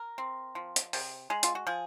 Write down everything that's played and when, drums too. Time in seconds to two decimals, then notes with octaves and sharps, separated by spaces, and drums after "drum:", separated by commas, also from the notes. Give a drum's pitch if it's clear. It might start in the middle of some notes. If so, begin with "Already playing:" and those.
Already playing: A#4
0.18 C4
0.55 F3
0.76 drum: hi-hat
0.93 C3, drum: open hi-hat
1.30 G#3 G#4
1.43 F4, drum: hi-hat
1.55 F#4
1.67 F3 G#4